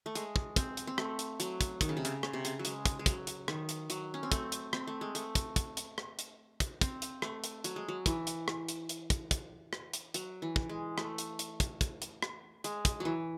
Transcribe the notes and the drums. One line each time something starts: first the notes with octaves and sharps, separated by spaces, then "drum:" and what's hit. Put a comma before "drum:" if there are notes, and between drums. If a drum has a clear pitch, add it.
A3
G#3, drum: hi-hat
drum: kick
C4, drum: kick, hi-hat
drum: hi-hat
C4
A3, drum: rim click
drum: hi-hat
F#3, drum: hi-hat
drum: kick, hi-hat
D#3, drum: kick, hi-hat
C#3
C3
C#3, drum: hi-hat
C#3, drum: rim click
C3
C#3, drum: hi-hat
F#3
G#3, drum: hi-hat
drum: kick, hi-hat
G#3
F#3, drum: kick, hi-hat
drum: hi-hat
D#3, drum: rim click
drum: hi-hat
F#3, drum: hi-hat
C#4
C4
A3, drum: kick, hi-hat
drum: hi-hat
C4, drum: rim click
A3
G#3
A3, drum: hi-hat
drum: kick, hi-hat
drum: kick, hi-hat
drum: hi-hat
drum: rim click
drum: hi-hat
drum: kick, hi-hat
C4, drum: kick, hi-hat
drum: hi-hat
A3, drum: rim click
drum: hi-hat
F#3, drum: hi-hat
G#3
F#3
E3, drum: kick, hi-hat
drum: hi-hat
drum: rim click
drum: hi-hat
drum: hi-hat
drum: kick, hi-hat
drum: kick, hi-hat
drum: rim click
drum: hi-hat
F#3, drum: hi-hat
E3
drum: kick
G#3
A3, drum: rim click
drum: hi-hat
drum: hi-hat
drum: kick, hi-hat
drum: kick, hi-hat
drum: hi-hat
drum: rim click
G#3, drum: hi-hat
drum: kick, hi-hat
E3 F#3